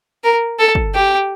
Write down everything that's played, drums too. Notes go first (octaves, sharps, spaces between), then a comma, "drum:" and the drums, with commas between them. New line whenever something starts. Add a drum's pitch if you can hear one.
A#4
A4
drum: kick
G4